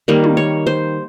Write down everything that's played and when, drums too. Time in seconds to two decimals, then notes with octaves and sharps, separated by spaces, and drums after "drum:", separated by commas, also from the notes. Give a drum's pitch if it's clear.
0.08 D#3 G3 A#3
0.24 drum: tom
0.37 C#5
0.67 C5